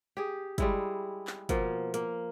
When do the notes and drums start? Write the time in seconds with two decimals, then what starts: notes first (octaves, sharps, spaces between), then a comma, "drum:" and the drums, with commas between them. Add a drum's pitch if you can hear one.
0.17 G4 G#4
0.58 G3 G#3 E4, drum: kick, hi-hat
1.27 drum: clap
1.49 B2 F3 A#3, drum: kick, hi-hat
1.94 A#3, drum: hi-hat